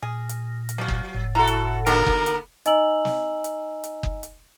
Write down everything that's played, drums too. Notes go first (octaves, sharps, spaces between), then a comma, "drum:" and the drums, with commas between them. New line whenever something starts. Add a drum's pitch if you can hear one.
A#2 G#4
drum: hi-hat
drum: hi-hat
F3 F#3 F#4
drum: kick F#1
F#1 A2
E4 F#4 A4 A#5
drum: hi-hat
B2 D3 A#3 B3 F#4 G4 A#4, drum: hi-hat
drum: kick F#1
drum: hi-hat
D#4 D#5 G#5 A#5 E6 F#7, drum: hi-hat
drum: snare
drum: hi-hat
drum: hi-hat
drum: kick F#1
drum: hi-hat